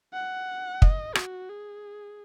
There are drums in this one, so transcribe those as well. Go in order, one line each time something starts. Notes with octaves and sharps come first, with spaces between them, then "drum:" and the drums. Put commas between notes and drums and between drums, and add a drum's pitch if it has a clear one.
F#5
D#5, drum: kick
F#4, drum: rim click
G#4